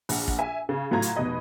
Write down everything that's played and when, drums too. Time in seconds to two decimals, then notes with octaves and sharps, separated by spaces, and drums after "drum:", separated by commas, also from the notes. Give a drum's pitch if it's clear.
0.09 A#1 F#5, drum: open hi-hat
0.28 drum: kick
0.39 E5 G#5
0.69 C#3
0.91 A2 F#3 F4 A#5 G#6
1.02 drum: hi-hat
1.16 F1 B2 D#5 B5